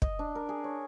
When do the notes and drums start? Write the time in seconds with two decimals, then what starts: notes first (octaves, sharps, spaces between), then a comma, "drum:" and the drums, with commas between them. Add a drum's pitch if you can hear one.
0.02 D#5, drum: kick
0.19 D4
0.35 A#4
0.49 G#4
0.64 C#5